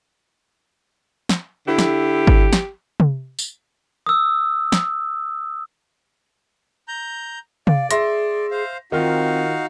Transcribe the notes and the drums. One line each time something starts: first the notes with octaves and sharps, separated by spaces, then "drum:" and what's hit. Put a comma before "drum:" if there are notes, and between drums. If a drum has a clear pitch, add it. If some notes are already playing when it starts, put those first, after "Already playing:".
drum: snare
D3 E4 G4
drum: snare
drum: kick G#1
drum: snare
drum: tom
drum: tambourine
D#6 E6
drum: snare
A#5 G6
D5 F5, drum: tom
G#4 E5 C6 A#6, drum: hi-hat
C5 F5
D#3 C4 D#4 F4 F#4 F5